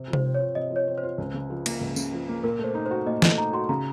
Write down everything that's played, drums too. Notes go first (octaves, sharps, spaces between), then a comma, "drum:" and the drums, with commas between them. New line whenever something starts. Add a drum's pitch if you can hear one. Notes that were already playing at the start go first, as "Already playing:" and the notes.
Already playing: C3
F3
C5, drum: tom C3
C4
C#5
F4
C3 D#5
F3
C#5
C4
C5
F4
C#2
C#3
F3
A#3, drum: cymbal
C#2
C#3, drum: tambourine
F3
A#3
A#2 A#4
A3
C5
D#4
C5
F#4
A#2 D#5
A3 D#5, drum: snare
D#4 A#5
F#4 C6
C#3 A#5